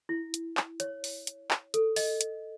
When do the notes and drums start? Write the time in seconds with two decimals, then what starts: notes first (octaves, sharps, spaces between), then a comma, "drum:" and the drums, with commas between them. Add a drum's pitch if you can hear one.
0.09 E4
0.34 drum: hi-hat
0.57 drum: clap
0.80 C#5, drum: hi-hat
1.04 drum: open hi-hat
1.27 drum: hi-hat
1.51 drum: clap
1.74 A4, drum: hi-hat
1.96 D#5, drum: open hi-hat
2.21 drum: hi-hat